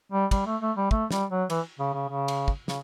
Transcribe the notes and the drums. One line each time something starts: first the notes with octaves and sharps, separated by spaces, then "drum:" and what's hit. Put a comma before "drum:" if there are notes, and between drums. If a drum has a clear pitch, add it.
G3
G3, drum: kick, cymbal
A3
A3
G3
A3, drum: kick
G3, drum: snare
F#3
E3, drum: cymbal
C#3
C#3
C#3
drum: cymbal
drum: kick
C#3, drum: snare